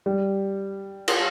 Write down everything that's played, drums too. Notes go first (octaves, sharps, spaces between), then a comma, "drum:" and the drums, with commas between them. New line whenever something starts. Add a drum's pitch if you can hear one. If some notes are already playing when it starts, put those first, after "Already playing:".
G3
drum: cymbal